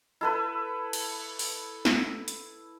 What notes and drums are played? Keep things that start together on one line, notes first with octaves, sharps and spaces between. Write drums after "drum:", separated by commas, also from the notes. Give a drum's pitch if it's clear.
E4 A4 B4
drum: cymbal
drum: open hi-hat
drum: snare
drum: hi-hat